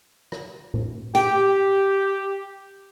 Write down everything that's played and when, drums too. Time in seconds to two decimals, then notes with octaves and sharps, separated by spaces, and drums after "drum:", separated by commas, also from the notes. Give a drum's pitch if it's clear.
0.32 drum: rim click
0.74 drum: tom A2
1.15 G4 G5, drum: hi-hat